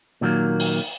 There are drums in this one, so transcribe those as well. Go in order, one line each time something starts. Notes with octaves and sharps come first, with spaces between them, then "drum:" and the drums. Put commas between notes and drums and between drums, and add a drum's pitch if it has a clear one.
A#2 D#3 F#3 G3 A#3
drum: open hi-hat